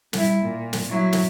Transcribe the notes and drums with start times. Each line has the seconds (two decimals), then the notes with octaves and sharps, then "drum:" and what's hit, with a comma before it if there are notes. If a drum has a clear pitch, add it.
0.13 G3 E4, drum: snare
0.42 A#2
0.73 drum: snare
0.89 F#3 E4
1.13 drum: snare